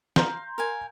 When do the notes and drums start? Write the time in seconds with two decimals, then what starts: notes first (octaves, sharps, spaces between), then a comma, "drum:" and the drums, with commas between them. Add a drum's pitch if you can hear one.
0.16 F5 A#5 C6 G6, drum: snare
0.58 A#4 F5 G#5